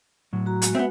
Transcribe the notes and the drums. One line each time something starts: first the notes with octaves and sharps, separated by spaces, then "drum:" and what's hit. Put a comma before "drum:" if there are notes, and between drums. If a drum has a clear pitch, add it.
A2 F#3
F#4 A#5
G#3 F#4, drum: hi-hat
B3 C4 E5